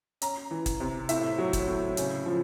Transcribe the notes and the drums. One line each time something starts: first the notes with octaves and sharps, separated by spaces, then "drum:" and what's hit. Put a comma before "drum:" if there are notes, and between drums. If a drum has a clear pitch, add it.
C#4 A#5, drum: hi-hat
E3
drum: kick, hi-hat
C3
A2 E5, drum: hi-hat
F#3
drum: kick, hi-hat
A2
C#3, drum: hi-hat
F3